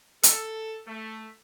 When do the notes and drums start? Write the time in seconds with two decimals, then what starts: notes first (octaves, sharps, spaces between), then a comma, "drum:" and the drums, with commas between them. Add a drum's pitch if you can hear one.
0.23 A4, drum: hi-hat
0.86 A3